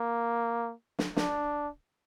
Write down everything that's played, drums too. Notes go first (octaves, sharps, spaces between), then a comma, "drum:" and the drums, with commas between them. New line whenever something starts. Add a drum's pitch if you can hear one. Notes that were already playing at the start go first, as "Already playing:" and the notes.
Already playing: A#3
drum: snare
D4, drum: snare